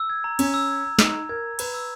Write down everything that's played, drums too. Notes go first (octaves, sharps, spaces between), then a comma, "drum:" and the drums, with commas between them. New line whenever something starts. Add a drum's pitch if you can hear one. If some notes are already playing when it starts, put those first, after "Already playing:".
Already playing: E6
G#6
A#5
C#4 A#5, drum: cymbal
E6
G#6
A#5
D#4 A#5, drum: snare
E6
A#4 G#6
A#5
B4 A#5, drum: cymbal
E6